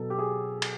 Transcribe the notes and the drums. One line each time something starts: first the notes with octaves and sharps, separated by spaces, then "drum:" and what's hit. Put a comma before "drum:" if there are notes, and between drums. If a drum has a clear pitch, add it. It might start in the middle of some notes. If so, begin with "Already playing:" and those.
Already playing: B2 F#3 A4
G4
G#4
drum: cymbal